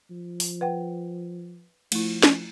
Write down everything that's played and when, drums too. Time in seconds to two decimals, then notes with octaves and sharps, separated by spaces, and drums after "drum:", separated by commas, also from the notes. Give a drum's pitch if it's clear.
0.10 F3
0.40 drum: open hi-hat
0.61 B4 F#5 G5
1.92 F3 A3 E4, drum: cymbal
2.23 drum: snare